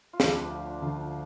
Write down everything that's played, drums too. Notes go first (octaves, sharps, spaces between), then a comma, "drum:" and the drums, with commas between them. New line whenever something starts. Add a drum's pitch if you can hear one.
F4
D2 D3 F3 G3 G4, drum: snare
D4
F4
D4
D2 D3 F3 F4